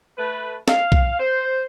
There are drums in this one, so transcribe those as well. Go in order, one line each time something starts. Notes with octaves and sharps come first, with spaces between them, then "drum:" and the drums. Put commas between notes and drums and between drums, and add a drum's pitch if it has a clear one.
A3 B4
F5, drum: snare
drum: kick B1
C5